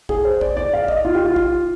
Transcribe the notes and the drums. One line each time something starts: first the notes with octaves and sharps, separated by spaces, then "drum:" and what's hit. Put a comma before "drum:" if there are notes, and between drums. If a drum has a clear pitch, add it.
G#4, drum: kick
C5
D5, drum: kick
D5
F5
D#5, drum: kick
F4
G4
F4
drum: kick